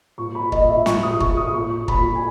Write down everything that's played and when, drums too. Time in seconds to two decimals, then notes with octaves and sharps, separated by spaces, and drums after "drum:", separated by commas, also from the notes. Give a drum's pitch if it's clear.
0.18 A#2 C#6
0.35 B5
0.41 A#2
0.52 D#5, drum: kick
0.63 A#2
0.69 E5
0.86 A#2 C#6, drum: snare
1.03 D#6
1.09 A#2
1.20 C#6, drum: kick
1.31 A#2
1.37 D#6
1.54 A#2 C#6
1.77 A#2
1.88 B5, drum: kick
1.99 A#2
2.15 G#5